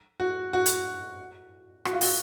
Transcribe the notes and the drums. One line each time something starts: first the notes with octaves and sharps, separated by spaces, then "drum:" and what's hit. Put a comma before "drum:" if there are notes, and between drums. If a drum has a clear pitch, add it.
F#4
F#4
drum: hi-hat
F#4, drum: rim click
F4
F#4, drum: open hi-hat